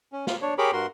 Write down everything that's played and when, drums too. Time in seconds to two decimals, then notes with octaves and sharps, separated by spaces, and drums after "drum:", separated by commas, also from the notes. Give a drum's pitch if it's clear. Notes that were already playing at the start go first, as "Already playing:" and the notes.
0.12 C#4
0.27 F4, drum: snare
0.42 D4 C#5
0.58 G4 G#4 A#4 C#5 B5 D6
0.73 G2 F#4 A#4 C6